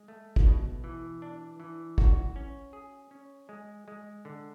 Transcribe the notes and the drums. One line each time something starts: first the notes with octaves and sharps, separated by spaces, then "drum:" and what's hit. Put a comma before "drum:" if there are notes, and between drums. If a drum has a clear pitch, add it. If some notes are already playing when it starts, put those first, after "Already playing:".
Already playing: G#3
A3
drum: kick
B2
E3
D4
E3
F#4, drum: kick
C#4
G#4
C#4
G#3
G#3
D3